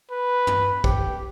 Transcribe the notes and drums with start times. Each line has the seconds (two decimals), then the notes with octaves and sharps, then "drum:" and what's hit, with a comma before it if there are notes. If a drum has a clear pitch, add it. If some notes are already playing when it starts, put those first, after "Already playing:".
0.11 B4
0.47 drum: tom
0.84 G4, drum: kick